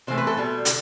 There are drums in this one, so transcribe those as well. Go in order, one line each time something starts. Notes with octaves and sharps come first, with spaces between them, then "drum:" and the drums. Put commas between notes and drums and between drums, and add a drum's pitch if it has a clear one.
C3 E3 A3 C5
B4
A4
B2 G3
D3, drum: hi-hat